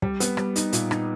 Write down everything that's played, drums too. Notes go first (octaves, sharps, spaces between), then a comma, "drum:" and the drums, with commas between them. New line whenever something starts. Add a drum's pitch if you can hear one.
G3, drum: kick
B3, drum: hi-hat
G3, drum: rim click
D#4, drum: hi-hat
A#2, drum: hi-hat
D#4, drum: rim click